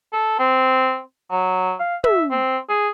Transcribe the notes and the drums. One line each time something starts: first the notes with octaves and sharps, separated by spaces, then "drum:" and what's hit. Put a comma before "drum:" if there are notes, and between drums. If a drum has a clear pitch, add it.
A4
C4
F#3
F5
E5, drum: tom
C4
G#4